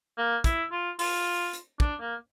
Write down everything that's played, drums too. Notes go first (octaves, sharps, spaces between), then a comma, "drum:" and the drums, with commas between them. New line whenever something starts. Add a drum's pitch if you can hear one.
A#3
E4, drum: kick, hi-hat
F4
F4, drum: open hi-hat
drum: hi-hat
D4, drum: kick
A#3